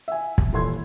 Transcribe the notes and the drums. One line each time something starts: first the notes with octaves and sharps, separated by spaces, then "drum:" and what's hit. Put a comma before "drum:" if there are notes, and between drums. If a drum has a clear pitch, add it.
E5 G#5
drum: kick
D#1 E3 A4 C6 G#6